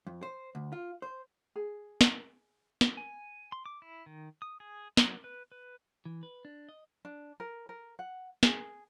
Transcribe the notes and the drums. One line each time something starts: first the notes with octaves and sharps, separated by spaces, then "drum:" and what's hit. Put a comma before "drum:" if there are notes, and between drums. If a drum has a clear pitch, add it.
F2
C5
D2
F4
C5
G#4
drum: snare
drum: snare
G#5
C6
D6
E4
D#3
D#6
G#4
F#3, drum: snare
B4
B4
E3
B4
D4
D#5
D4
A#4
A#4
F#5
G#4, drum: snare